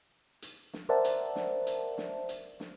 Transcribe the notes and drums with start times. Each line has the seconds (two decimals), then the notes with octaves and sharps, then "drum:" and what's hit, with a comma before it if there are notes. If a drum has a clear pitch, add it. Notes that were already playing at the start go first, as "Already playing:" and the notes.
0.42 drum: hi-hat
0.73 drum: snare
0.89 A#4 C5 D5 E5 F#5 A5
1.05 drum: hi-hat
1.36 drum: snare
1.67 drum: hi-hat
1.98 drum: snare
2.29 drum: hi-hat
2.60 drum: snare